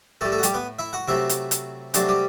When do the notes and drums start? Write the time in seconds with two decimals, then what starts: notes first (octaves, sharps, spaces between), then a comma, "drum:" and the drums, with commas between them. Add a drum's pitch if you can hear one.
0.21 A2 G3 A3 A4
0.32 A3 A4
0.39 F#4
0.43 G3 G4, drum: hi-hat
0.54 B3 B4
0.79 E4 E5
0.93 F#4 F#5
1.08 C3 F#3 A3 E4 E5
1.29 drum: hi-hat
1.51 drum: hi-hat
1.94 C3 F#3 A3 D4 D5, drum: hi-hat
2.08 G3 G4